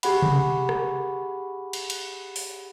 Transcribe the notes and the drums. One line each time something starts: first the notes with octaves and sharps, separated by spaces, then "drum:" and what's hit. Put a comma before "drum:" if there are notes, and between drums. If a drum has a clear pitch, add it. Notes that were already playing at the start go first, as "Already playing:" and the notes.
G4 G#4 F#5 B5, drum: cymbal
drum: tom C3
drum: rim click
drum: cymbal
drum: cymbal
drum: open hi-hat